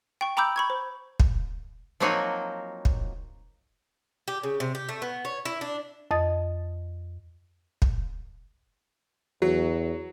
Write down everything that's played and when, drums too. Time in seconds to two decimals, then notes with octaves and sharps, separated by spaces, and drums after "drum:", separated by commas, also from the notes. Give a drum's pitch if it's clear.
0.21 G5 C#6
0.37 G5 A#5 B5 D6 E6 G6
0.56 B5 C#6 G#6
0.70 C5
1.20 drum: kick
2.00 F3 F#3 A#3 C4 D#4 F#4
2.85 drum: kick
4.28 G4
4.43 C#3
4.60 C3
4.75 G4
4.89 A3
5.02 B3
5.25 C#5
5.45 E4
5.61 D4
6.11 F2 D#5 D#6 A6
7.82 drum: kick
9.42 E2 F#3